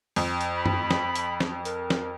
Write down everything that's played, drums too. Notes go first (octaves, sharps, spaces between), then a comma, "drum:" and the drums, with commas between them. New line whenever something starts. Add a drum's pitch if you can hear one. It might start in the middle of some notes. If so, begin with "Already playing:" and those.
F2, drum: open hi-hat
drum: hi-hat
B5
drum: tom F#2
drum: snare
drum: hi-hat
drum: snare
A#4, drum: hi-hat
drum: snare